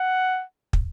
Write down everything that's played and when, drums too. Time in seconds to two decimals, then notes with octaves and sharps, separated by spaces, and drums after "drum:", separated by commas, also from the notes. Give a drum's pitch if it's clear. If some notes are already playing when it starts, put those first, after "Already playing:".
Already playing: F#5
0.73 drum: kick